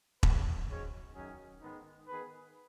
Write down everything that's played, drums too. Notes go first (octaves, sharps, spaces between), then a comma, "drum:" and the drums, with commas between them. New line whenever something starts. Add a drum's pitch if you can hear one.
D#3 G#3 C#4 F#4 B4, drum: kick E1
G#2 G#3 C#4 F#4 C#5
F#2 D#3 F#3 C#4 G#4
G#2 D#3 G#3 B3 D#4
D#3 B3 G#4 B4